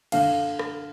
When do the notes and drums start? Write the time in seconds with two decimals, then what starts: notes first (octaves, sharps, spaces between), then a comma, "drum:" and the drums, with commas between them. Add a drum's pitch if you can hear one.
0.12 D3 F5, drum: cymbal
0.59 drum: rim click